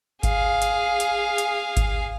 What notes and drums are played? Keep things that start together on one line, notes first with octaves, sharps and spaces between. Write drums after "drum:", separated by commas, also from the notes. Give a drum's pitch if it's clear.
G#4 F5, drum: kick G#1, hi-hat
drum: hi-hat
drum: hi-hat
drum: hi-hat
drum: kick G#1, hi-hat